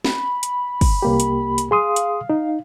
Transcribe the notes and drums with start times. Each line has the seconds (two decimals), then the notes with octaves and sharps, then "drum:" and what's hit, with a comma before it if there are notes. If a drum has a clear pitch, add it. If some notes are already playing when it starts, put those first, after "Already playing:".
0.04 B5, drum: snare
0.43 drum: hi-hat
0.81 drum: kick, open hi-hat
1.02 C2 A#3 G4
1.20 drum: hi-hat
1.58 drum: hi-hat
1.71 G#4 F5 C6 D#6
1.96 drum: hi-hat
2.30 D#4